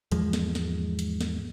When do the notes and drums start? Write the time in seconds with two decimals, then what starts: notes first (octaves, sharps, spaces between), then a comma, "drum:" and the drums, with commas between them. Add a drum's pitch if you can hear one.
0.12 E2 G#2 F3 G#3, drum: hi-hat
0.33 drum: snare
0.55 drum: snare
0.99 drum: hi-hat
1.21 drum: snare